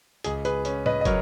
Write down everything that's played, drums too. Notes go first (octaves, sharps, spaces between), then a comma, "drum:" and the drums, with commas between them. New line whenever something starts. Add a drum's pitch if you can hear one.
C#2 G#4, drum: hi-hat
G#4 B4, drum: hi-hat
C#4, drum: hi-hat
B4 D#5, drum: tom A2
D#5
F#3 A#4 C#5, drum: kick, hi-hat